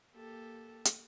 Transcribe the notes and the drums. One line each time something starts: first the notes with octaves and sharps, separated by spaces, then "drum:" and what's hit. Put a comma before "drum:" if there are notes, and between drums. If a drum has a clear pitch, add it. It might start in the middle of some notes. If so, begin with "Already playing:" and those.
A#3 G4 A4
drum: hi-hat